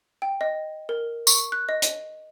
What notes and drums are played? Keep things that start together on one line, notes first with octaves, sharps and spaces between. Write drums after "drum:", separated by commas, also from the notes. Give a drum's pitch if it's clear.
G5
D#5
A#4
C#6, drum: tambourine
F#6
D#5
drum: hi-hat